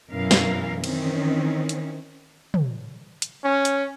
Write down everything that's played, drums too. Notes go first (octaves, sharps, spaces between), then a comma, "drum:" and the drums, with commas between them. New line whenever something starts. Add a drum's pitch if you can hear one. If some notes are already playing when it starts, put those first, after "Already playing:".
F#2 B2 E3 A#4 F5
drum: snare
D#3 E3 C4 C#4, drum: cymbal
drum: hi-hat
drum: tom
drum: hi-hat
C#4
drum: hi-hat